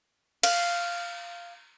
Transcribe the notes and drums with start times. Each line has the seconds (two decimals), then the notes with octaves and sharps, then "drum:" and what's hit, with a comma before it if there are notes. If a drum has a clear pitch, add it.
0.43 F5, drum: cymbal